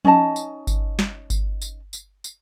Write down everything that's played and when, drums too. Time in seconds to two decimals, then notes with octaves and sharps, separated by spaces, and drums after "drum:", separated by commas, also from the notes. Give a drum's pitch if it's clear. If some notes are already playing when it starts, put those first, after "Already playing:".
0.05 C#4 D#4 D#5 A5, drum: tom F3
0.36 drum: tambourine
0.67 drum: kick G1, tambourine
0.99 drum: snare
1.30 drum: kick G1, tambourine
1.62 drum: tambourine
1.93 drum: tambourine
2.24 drum: tambourine